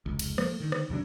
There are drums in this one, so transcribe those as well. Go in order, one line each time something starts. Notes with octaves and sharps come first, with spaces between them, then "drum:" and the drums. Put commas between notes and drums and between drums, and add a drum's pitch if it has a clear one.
F1 C#2
drum: cymbal
F3 A3 A#3, drum: rim click
D3 D#3
drum: rim click
D#2 C3 F#3 D4